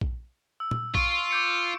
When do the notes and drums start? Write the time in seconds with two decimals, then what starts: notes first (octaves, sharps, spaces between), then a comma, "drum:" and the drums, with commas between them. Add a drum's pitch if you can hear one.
0.01 drum: kick A#1
0.60 E6
0.71 drum: tom A#2
0.95 F4 C#6 D7, drum: kick A#1
1.31 D6 G6 C#7